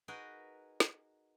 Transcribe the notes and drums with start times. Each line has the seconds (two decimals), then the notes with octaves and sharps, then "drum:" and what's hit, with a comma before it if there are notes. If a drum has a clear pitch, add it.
0.08 D#4 F#4 G#4 A#4 B4
0.80 drum: snare